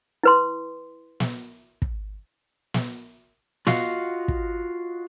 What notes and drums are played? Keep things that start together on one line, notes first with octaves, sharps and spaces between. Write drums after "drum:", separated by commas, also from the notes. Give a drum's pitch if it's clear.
E4 B4 C6
drum: snare
drum: kick
drum: snare
F4 F#4 D#5 F5 F#5, drum: snare
drum: kick